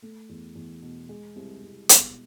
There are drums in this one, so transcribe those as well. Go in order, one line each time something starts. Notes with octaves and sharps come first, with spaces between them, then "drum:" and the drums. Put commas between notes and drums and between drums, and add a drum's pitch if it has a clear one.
A3
E2
E2
B2
G#3
C2
C2
B2, drum: hi-hat